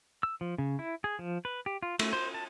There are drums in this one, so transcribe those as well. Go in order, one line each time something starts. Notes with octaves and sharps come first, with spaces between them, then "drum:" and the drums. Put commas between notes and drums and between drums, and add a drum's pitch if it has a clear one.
E6
F3
C#3
E4
G#4
F3
B4
G4
F4
A3, drum: cymbal
C5
A5